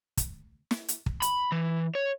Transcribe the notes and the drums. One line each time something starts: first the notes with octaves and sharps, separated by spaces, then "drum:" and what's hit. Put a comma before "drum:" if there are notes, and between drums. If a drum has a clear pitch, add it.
drum: kick, hi-hat
drum: snare
drum: hi-hat
drum: kick
B5, drum: hi-hat
E3
C#5